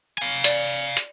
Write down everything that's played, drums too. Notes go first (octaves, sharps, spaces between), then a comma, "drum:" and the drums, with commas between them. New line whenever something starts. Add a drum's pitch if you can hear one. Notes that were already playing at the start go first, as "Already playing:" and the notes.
F5 G#5
D5, drum: hi-hat
drum: hi-hat